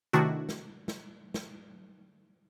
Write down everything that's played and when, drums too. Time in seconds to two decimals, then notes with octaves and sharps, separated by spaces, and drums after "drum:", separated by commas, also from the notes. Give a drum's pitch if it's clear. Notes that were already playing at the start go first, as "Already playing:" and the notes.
0.13 C3 D#3 A3 D4 E4 F#4, drum: hi-hat
0.49 drum: snare
0.88 drum: snare
1.34 drum: snare